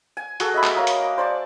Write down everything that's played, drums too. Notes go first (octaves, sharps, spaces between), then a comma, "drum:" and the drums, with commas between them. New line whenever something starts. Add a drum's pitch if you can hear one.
G#5
F#4 G#4 A4, drum: hi-hat
D#5 E5 B5
drum: clap
A#3 A#4 C#5
drum: hi-hat
D6
C5 D5 A5 C#6